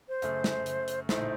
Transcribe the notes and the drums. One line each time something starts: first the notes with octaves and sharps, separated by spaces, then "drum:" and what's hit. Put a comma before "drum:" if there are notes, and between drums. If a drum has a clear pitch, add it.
C5
F#2 C#3 A3, drum: hi-hat
drum: snare
drum: hi-hat
drum: hi-hat
A#1 A2 A3 D#4 C5, drum: snare